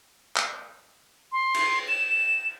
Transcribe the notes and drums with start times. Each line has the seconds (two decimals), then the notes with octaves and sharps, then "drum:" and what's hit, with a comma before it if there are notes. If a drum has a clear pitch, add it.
0.36 drum: clap
1.32 C6
1.54 drum: cymbal
1.88 E7